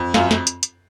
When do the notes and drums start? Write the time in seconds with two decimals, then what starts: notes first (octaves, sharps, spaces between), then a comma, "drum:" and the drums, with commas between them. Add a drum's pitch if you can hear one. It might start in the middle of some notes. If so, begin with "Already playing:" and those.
Already playing: F2
0.14 F#2 F4, drum: snare
0.31 drum: snare
0.47 drum: hi-hat
0.63 drum: hi-hat